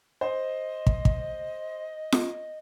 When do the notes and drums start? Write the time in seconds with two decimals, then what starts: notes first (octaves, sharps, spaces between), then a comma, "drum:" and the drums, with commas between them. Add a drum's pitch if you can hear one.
0.21 C5 D#5
0.87 drum: kick
1.05 drum: kick
2.12 drum: snare F4